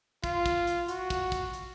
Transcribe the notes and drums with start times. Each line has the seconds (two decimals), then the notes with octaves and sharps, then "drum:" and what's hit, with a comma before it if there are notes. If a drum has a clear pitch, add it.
0.24 F4, drum: kick, hi-hat
0.46 drum: kick, hi-hat
0.67 drum: hi-hat
0.88 F#4, drum: hi-hat
1.10 drum: kick, hi-hat
1.32 drum: kick, hi-hat
1.54 drum: hi-hat